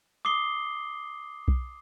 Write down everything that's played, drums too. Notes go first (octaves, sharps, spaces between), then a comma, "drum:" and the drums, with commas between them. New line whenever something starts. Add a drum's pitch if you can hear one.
D6 D#6 C7 G7
drum: kick B1